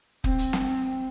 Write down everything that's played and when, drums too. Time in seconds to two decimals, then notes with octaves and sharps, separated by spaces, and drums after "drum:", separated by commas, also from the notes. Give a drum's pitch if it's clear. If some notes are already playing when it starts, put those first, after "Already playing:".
0.24 C4, drum: kick
0.39 drum: hi-hat
0.53 drum: snare